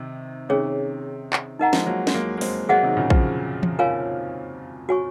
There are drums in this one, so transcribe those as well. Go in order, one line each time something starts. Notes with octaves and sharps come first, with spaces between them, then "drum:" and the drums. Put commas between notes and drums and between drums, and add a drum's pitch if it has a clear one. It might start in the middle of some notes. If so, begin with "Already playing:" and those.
Already playing: C3 D#3
C3 D#3 C#4 G#4 C#5
drum: clap
D#4 A#4 D#5 F#5 A#5
F3 G#3, drum: snare
F#3 A#3
G#3, drum: snare
F#3 A#3
A#3
G#3 C4, drum: open hi-hat
F#3 A#3 G#4 C5 D#5 F#5
C3 D#3
A#2 C#3
C#3 F3, drum: kick A#1
drum: tom E3
F4 A#4 C#5 F5 G#5
F#4 C#5 G#5 C#6